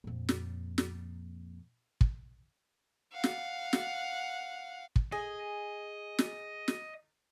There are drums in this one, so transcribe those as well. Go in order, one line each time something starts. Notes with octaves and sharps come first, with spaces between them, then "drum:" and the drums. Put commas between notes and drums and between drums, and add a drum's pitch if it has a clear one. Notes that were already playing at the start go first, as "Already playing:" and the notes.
F2 A#2
drum: snare
drum: snare
drum: kick
F5 F#5
drum: snare
drum: snare
drum: kick
G#4 D#5
drum: snare
drum: snare